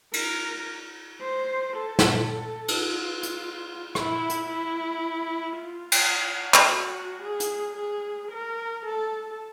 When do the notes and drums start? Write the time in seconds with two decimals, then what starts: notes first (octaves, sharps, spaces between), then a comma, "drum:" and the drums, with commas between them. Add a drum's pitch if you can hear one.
0.14 A#4, drum: cymbal
1.21 C5
1.76 A4
1.99 drum: snare
2.68 drum: cymbal
2.86 F4
3.23 drum: hi-hat
3.95 E4, drum: rim click
4.29 drum: hi-hat
4.49 E4
5.58 F4
5.92 drum: cymbal
6.54 drum: clap
6.68 F#4
7.22 G#4
7.40 drum: hi-hat
7.76 G#4
8.31 A#4
8.86 A4